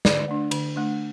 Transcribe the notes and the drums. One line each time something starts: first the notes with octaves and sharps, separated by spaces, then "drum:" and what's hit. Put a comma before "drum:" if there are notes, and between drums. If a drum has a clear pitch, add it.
D3 D5, drum: snare
A3 D4
D3, drum: cymbal
A3 D4